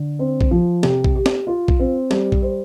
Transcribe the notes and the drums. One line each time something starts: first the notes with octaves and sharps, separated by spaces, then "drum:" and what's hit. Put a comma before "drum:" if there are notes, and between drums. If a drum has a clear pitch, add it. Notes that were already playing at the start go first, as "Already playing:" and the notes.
Already playing: D3
C4
drum: kick A#1
F3
C3, drum: snare
drum: kick A#1
G4
drum: snare
F4
drum: kick A#1
C4
G3, drum: snare
drum: kick A#1
C5